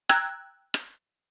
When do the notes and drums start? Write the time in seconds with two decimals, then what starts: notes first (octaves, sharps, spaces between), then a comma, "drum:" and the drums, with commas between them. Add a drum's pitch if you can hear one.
0.09 G5 A#5 E6 F#6 G#6, drum: rim click
0.74 drum: rim click